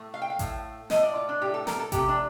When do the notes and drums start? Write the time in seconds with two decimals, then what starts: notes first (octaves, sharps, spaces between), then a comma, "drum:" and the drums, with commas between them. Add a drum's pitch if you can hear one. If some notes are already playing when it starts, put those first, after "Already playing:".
Already playing: A2 A3
0.14 F5
0.22 G5
0.30 F5
0.39 A2 A3, drum: kick A1, hi-hat
0.90 A2 A3 D#5, drum: snare
1.03 D5
1.16 F4
1.29 D4
1.41 A2 A3 G4
1.54 A4
1.67 A#4, drum: snare
1.79 A4
1.92 C3 F3 A3 G4, drum: kick A1, hi-hat
2.08 D4